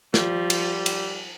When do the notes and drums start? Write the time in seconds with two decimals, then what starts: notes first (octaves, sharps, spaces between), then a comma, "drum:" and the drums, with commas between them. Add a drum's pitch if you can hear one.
0.14 F3 G3, drum: snare
0.50 drum: cymbal
0.86 drum: cymbal